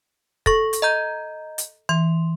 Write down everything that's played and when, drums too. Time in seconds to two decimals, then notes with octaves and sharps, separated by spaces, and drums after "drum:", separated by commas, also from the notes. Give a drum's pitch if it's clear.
0.46 A4 C#6 A#6, drum: kick
0.73 drum: hi-hat
0.82 D#5 A#5 G6
1.58 drum: hi-hat
1.89 E3 C6